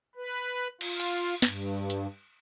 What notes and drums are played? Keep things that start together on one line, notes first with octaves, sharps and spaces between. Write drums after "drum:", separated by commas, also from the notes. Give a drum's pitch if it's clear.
B4
F4, drum: cymbal
drum: hi-hat
G2, drum: snare
drum: hi-hat